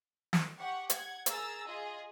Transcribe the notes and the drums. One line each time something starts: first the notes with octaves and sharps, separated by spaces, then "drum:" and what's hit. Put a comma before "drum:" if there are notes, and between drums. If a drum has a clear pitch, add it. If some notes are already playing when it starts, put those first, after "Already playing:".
drum: snare
G4 F#5 C#6
F#5 G#6, drum: hi-hat
G#4 A#4 A#5 E6 A6, drum: hi-hat
F4 G#4 D#5